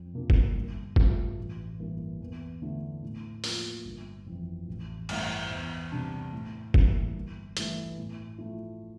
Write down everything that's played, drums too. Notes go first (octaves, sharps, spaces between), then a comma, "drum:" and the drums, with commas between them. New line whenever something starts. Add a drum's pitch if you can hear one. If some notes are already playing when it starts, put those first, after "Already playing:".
Already playing: F2
C3 F3 A#3 D4
drum: kick F#1
G1
G2 F3 A3, drum: kick F#1
A1
G2 E3 A#3
E2
D3 A3 E4
A2
F3 A#3 F4, drum: open hi-hat
G1
F2 E3
A1
G2 E3 A3, drum: cymbal
E2
C3 G3 D4
A2
E3 G3 A#3 D4, drum: kick F#1
G1
G2 E3 A3, drum: hi-hat
A2
F3 A3 E4